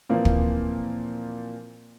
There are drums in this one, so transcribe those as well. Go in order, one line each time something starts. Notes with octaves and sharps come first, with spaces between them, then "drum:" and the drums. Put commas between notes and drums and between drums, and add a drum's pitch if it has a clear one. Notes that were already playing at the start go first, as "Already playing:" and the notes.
A#2 E3 F3 A#3 C4
drum: kick